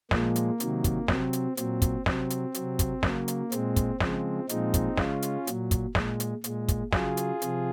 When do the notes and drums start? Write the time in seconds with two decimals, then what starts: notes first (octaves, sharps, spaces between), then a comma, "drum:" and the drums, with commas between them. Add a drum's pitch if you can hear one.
0.11 A#2 F3 G#3 A#3, drum: snare
0.36 drum: hi-hat
0.60 C3 D#3 F#3, drum: hi-hat
0.84 drum: kick, hi-hat
1.08 C3 F#3 C4, drum: snare
1.33 drum: hi-hat
1.57 A#2 F#3 C4, drum: hi-hat
1.82 drum: kick, hi-hat
2.06 C3 F#3 C4, drum: snare
2.30 drum: hi-hat
2.54 C3 F#3, drum: hi-hat
2.79 drum: kick, hi-hat
3.03 C#3 F#3 A#3, drum: snare
3.28 drum: hi-hat
3.52 A#2 G#3 C4, drum: hi-hat
3.76 drum: kick, hi-hat
4.00 C#3 F3 G#3 C4, drum: snare
4.49 A#2 F3 G#3 C4 D#4, drum: hi-hat
4.74 drum: kick, hi-hat
4.98 C#3 G#3 C#4 F4, drum: snare
5.22 drum: hi-hat
5.47 A#2 F#3, drum: hi-hat
5.71 drum: kick, hi-hat
5.95 A#2 G#3, drum: snare
6.20 drum: hi-hat
6.44 A#2 G#3, drum: hi-hat
6.68 drum: kick, hi-hat
6.93 C#3 F#3 F4 G#4, drum: snare
7.17 drum: hi-hat
7.42 C3 F3, drum: hi-hat